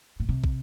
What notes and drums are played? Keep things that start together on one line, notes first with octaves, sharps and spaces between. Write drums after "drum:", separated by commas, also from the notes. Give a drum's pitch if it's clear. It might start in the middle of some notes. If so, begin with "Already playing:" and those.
A#2
C3
drum: kick